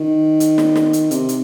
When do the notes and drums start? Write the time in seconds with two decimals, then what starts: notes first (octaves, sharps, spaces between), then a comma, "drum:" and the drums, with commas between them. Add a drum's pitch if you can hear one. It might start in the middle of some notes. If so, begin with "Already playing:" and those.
Already playing: D#3
0.40 drum: hi-hat
0.58 drum: snare
0.76 drum: snare
0.93 drum: hi-hat
1.11 C3, drum: hi-hat
1.29 drum: hi-hat